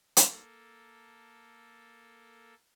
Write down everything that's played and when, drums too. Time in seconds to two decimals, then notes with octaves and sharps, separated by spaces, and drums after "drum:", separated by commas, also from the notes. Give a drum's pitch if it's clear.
0.17 A#3 A4, drum: hi-hat